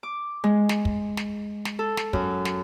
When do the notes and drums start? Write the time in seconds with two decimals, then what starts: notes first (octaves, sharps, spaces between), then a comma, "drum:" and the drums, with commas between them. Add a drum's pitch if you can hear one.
0.03 D6
0.44 G#3
0.69 drum: snare
0.85 drum: kick
1.17 drum: snare
1.65 drum: snare
1.79 A4
1.97 drum: snare
2.13 F#2, drum: kick
2.45 drum: snare